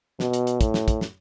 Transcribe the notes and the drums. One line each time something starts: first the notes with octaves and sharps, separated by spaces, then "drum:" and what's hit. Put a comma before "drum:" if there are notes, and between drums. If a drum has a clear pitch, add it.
B2, drum: snare
drum: hi-hat
drum: hi-hat
A2, drum: kick, hi-hat
drum: snare
drum: kick, hi-hat
drum: snare